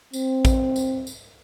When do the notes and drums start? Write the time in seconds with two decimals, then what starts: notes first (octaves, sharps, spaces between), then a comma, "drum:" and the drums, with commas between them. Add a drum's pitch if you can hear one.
0.13 C4, drum: tambourine
0.45 drum: kick, tambourine
0.76 drum: tambourine
1.07 drum: tambourine